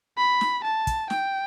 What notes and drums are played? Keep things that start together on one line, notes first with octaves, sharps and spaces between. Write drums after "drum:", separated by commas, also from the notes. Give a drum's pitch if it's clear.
B5
drum: snare
A5
drum: kick, hi-hat
G5, drum: snare